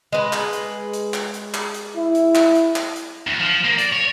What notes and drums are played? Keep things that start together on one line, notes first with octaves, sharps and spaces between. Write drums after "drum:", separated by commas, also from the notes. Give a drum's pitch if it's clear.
G#3 B4
drum: clap
drum: hi-hat
drum: hi-hat
drum: clap
drum: hi-hat
drum: clap
drum: hi-hat
E4
drum: hi-hat
drum: clap
drum: hi-hat
drum: clap
drum: hi-hat
D2
F3
A#3
D5, drum: hi-hat
C#5